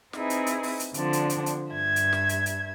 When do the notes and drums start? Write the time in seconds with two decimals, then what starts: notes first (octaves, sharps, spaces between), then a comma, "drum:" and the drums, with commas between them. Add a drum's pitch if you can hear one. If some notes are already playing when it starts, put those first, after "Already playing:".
0.13 C4 D#4 E4 G#4 B4, drum: snare
0.30 drum: hi-hat
0.46 drum: hi-hat
0.63 drum: open hi-hat
0.80 drum: hi-hat
0.94 D3 F3 C4 D4, drum: hi-hat
1.13 drum: hi-hat
1.30 drum: hi-hat
1.46 drum: hi-hat
1.71 G2 E5 G#6
1.96 drum: hi-hat
2.13 drum: snare
2.29 drum: hi-hat
2.46 drum: hi-hat